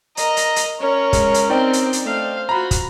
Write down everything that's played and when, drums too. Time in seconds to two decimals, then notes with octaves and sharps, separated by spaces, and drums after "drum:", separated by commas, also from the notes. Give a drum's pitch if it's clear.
0.17 A#4 D#5 A#5, drum: hi-hat
0.37 drum: hi-hat
0.56 drum: hi-hat
0.80 C#4 A#4 C#5
1.13 G#3, drum: kick, hi-hat
1.34 drum: hi-hat
1.50 C4 D#4 D5 G5
1.73 drum: hi-hat
1.93 drum: hi-hat
2.04 A3 C5 F5
2.49 F4 F#4 A#5 B5
2.71 drum: kick, hi-hat